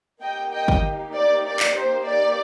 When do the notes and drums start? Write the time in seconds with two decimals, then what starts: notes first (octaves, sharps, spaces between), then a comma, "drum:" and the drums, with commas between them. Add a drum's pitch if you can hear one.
0.22 A#3 D#4 G4 D#5 G5
0.53 D#5 G5
0.68 drum: kick
1.14 D5
1.45 D5
1.60 drum: clap
1.75 C5
2.05 D5